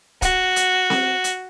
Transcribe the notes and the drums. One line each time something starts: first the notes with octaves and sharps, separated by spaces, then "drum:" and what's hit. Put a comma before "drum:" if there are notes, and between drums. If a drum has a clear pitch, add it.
F#4, drum: kick, hi-hat
drum: hi-hat
drum: snare C4
drum: hi-hat